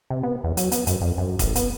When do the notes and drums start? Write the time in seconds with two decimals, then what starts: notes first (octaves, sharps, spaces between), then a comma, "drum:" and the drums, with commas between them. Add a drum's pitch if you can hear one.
0.10 C3
0.23 B3
0.44 E2
0.57 F#3, drum: hi-hat
0.72 B3, drum: hi-hat
0.87 F#2, drum: hi-hat
1.01 F2
1.18 F#2
1.39 A1, drum: kick F1, hi-hat
1.55 B3, drum: hi-hat